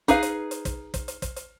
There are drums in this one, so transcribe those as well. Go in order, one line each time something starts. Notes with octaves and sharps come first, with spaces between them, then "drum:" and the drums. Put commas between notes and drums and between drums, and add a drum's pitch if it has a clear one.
D#4 G#4 B4 F5, drum: kick, hi-hat
drum: hi-hat
drum: hi-hat
drum: kick, hi-hat
drum: kick, hi-hat
drum: hi-hat
drum: kick, hi-hat
drum: hi-hat